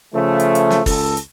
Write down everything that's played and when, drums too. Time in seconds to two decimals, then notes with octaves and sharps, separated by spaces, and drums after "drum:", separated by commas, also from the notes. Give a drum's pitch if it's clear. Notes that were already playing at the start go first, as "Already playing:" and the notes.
0.14 C#3 F3 A3
0.40 drum: hi-hat
0.55 drum: hi-hat
0.71 drum: snare
0.86 C#2 A4, drum: kick, open hi-hat
1.17 drum: hi-hat